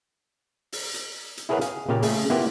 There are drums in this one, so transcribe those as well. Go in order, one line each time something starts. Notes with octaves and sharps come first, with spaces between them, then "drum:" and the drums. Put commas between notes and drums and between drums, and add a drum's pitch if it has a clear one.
drum: open hi-hat
drum: hi-hat
drum: hi-hat
E4 G#4 A#4 B4 C#5 F#5
G#4 F5, drum: hi-hat
A#2 C#3 G4 F5
C#3 A3 G#4, drum: open hi-hat
A#3 B3 E4 F4 G4